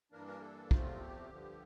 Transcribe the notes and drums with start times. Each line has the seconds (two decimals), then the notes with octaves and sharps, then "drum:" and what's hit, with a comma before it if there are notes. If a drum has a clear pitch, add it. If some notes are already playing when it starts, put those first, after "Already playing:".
0.12 G2 E3 A#3 D4 A#4
0.27 A#4
0.42 A4
0.71 E2 C3 F3 A3 C4 F4, drum: kick
1.01 G4
1.30 G2 D3 F3